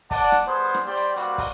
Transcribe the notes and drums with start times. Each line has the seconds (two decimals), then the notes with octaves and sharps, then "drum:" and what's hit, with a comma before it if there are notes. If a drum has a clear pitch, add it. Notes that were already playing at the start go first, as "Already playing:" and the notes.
0.11 D5 F#5 A5, drum: kick, open hi-hat
0.32 drum: rim click
0.47 G3 B3 G#4 C5
0.74 drum: rim click
0.86 G3 G4 C5 D5 G5
0.96 drum: hi-hat
1.16 G3 A#3 C4 F#4 B4 D5, drum: hi-hat
1.38 drum: kick, open hi-hat